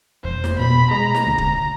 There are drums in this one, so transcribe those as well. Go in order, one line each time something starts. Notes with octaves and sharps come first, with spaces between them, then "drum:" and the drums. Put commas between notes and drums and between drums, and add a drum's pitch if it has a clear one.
F1 C5
drum: snare
B2 B5
G#3 A#5
drum: snare
D2
drum: kick